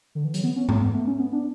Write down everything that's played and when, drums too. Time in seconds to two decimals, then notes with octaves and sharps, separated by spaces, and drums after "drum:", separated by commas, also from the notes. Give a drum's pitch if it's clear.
0.15 D3
0.25 E3
0.34 F#3, drum: hi-hat
0.44 B3
0.56 C#4
0.69 A3, drum: tom G#2
0.82 B3
0.94 A3
1.07 C#4
1.19 B3
1.32 D4